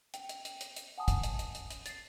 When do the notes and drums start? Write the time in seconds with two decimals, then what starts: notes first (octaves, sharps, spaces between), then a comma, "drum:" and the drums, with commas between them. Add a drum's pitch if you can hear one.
0.14 G5, drum: hi-hat
0.29 drum: hi-hat
0.45 drum: hi-hat
0.61 drum: hi-hat
0.76 drum: hi-hat
0.98 F#5 G#5 A5 D#6
1.08 drum: kick, hi-hat
1.23 drum: hi-hat
1.39 drum: hi-hat
1.55 drum: hi-hat
1.71 drum: hi-hat
1.86 A6 C7, drum: hi-hat